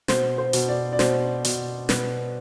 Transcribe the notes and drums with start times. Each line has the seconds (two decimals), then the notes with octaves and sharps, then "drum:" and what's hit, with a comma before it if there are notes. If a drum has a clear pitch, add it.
0.08 B2 C5, drum: snare
0.38 C5
0.53 B2, drum: hi-hat
0.68 D5
0.93 D5
0.99 B2 C5, drum: snare
1.45 B2, drum: hi-hat
1.89 B2 B4, drum: snare